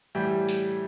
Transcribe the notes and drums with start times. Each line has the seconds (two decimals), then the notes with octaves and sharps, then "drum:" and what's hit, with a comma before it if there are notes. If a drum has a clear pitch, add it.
0.15 A2 E3 G3
0.49 drum: tambourine